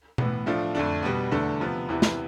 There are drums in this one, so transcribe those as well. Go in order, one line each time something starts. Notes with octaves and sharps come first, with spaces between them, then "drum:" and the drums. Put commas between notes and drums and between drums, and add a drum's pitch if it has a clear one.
A2 E3 B3, drum: tom B2
A2 F3 A3 D4 F4
F2 D3 A3 D4
B2 G3 B3
E2 D3 A3 D4
C3 F3 B3
E2 C3 E3 B3 E4
drum: snare